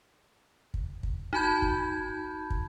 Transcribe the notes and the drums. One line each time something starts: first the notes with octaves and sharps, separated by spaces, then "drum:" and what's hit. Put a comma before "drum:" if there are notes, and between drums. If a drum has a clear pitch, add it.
drum: kick
drum: kick
D#4 F#4 A5 B5 G6 G#6
drum: kick
drum: kick